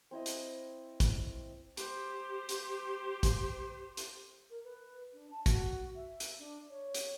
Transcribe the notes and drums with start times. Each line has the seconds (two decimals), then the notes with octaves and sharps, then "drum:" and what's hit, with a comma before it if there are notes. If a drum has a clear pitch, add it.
0.11 C4 E4 D#5
0.26 drum: hi-hat
1.00 drum: kick, hi-hat
1.77 G4 C5, drum: hi-hat
2.49 drum: hi-hat
3.23 drum: kick, hi-hat
3.97 drum: hi-hat
4.50 A#4
4.65 B4
5.13 D4
5.31 A5
5.46 F#4, drum: kick, hi-hat
5.95 E5
6.20 drum: hi-hat
6.39 D4
6.70 C#5
6.95 drum: hi-hat